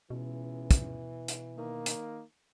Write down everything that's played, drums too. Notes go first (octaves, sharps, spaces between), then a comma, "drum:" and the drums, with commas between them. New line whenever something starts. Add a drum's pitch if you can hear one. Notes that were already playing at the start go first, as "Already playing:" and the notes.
C#2 B2 E3
drum: kick, hi-hat
drum: hi-hat
D#3 A#3
drum: hi-hat